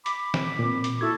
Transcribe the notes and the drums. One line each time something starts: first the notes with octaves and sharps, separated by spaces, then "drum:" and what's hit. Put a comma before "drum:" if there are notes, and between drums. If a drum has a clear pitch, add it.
B5 D6, drum: hi-hat
drum: snare
A#2 C4
drum: hi-hat
E4 F#4 A4 G#6